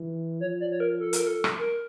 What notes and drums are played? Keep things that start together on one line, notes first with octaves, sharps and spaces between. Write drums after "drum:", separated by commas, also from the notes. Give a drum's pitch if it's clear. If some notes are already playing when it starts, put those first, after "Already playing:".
Already playing: E3
F3 C#5
D5
C#5
A#4
A4
A#4, drum: hi-hat
A4
drum: rim click
A#4